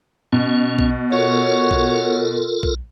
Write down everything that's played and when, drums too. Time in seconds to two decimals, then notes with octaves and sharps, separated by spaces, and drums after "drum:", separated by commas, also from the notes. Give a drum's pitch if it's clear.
0.32 B2 C#4
0.79 drum: kick B1
1.12 F4 F#4 A4 A#4 C#5
1.71 drum: kick B1
2.63 drum: kick B1